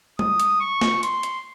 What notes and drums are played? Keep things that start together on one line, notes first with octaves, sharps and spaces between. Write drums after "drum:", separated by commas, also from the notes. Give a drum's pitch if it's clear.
D#6, drum: tom G3
drum: hi-hat
C#6
drum: snare
C6, drum: hi-hat
drum: hi-hat